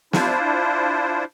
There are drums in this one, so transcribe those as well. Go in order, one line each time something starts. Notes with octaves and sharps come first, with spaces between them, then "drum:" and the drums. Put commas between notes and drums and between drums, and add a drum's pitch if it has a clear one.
D4 E4 F4 C5, drum: snare